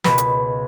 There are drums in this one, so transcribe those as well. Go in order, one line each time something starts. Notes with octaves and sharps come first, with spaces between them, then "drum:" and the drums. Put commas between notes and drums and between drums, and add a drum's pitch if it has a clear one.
C#2 B2 B4, drum: snare
drum: hi-hat